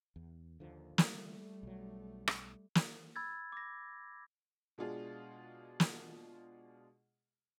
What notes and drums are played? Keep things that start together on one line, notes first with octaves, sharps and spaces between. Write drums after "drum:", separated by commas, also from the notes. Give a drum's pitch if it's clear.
E2
D#2 D3 F3 A#3
G3 A3, drum: snare
B1 F#3
drum: rim click
drum: snare
B5 E6 G#6 A6
D6 A#6
B2 G#3 D4 F4 G#4
drum: snare